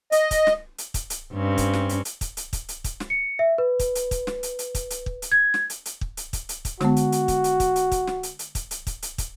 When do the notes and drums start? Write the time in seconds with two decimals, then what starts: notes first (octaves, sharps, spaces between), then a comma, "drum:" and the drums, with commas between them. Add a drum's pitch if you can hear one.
0.12 D#5, drum: hi-hat
0.31 drum: kick, hi-hat
0.47 drum: snare
0.78 drum: hi-hat
0.94 drum: kick, hi-hat
1.10 drum: hi-hat
1.33 G2 C4 C#4
1.58 drum: kick, hi-hat
1.73 drum: snare
1.89 drum: hi-hat
2.05 drum: hi-hat
2.21 drum: kick, hi-hat
2.37 drum: hi-hat
2.53 drum: kick, hi-hat
2.69 drum: hi-hat
2.84 drum: kick, hi-hat
3.00 drum: snare
3.10 C#7
3.39 E5
3.58 B4
3.79 drum: kick, hi-hat
3.95 drum: hi-hat
4.11 drum: kick, hi-hat
4.27 drum: snare
4.43 drum: hi-hat
4.59 drum: hi-hat
4.75 drum: kick, hi-hat
4.90 drum: hi-hat
5.06 drum: kick
5.22 drum: hi-hat
5.32 G#6
5.54 drum: snare
5.70 drum: hi-hat
5.85 drum: hi-hat
6.01 drum: kick
6.17 drum: hi-hat
6.33 drum: kick, hi-hat
6.49 drum: hi-hat
6.65 drum: kick, hi-hat
6.81 D3 G#3 B3 F#4, drum: snare
6.96 drum: hi-hat
7.12 drum: hi-hat
7.28 drum: kick, hi-hat
7.44 drum: hi-hat
7.60 drum: kick, hi-hat
7.76 drum: hi-hat
7.92 drum: kick, hi-hat
8.07 drum: snare
8.23 drum: hi-hat
8.39 drum: hi-hat
8.55 drum: kick, hi-hat
8.71 drum: hi-hat
8.87 drum: kick, hi-hat
9.02 drum: hi-hat
9.18 drum: kick, hi-hat